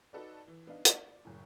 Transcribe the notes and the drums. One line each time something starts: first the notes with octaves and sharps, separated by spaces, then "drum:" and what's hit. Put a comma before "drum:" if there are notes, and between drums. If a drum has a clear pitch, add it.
D#4 F#4 A4 B4 D5
E3
B3 D4 D#4 F5
D5, drum: hi-hat
F#1 A2